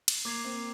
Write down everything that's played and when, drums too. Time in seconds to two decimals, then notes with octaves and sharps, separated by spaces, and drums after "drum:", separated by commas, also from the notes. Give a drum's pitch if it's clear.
0.08 drum: cymbal
0.25 A#3 D6 G#6 C7 F7
0.44 C4